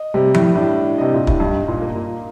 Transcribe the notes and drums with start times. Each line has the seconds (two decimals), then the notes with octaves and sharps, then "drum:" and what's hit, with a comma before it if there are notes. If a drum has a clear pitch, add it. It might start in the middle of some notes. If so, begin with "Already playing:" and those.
Already playing: D#5
0.14 C3 G3
0.34 A2, drum: tom F3
0.55 A2 D4
0.98 C3 D#5
1.14 A#2
1.27 A2, drum: kick
1.40 G2 D#4
1.68 A#2
1.82 A#3
1.95 A#2